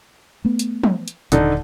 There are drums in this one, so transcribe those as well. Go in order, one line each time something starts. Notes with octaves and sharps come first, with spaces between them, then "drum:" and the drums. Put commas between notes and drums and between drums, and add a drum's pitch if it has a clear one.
A3 B3
drum: hi-hat
drum: tom
drum: hi-hat
D#1 D3 D#4 A4, drum: hi-hat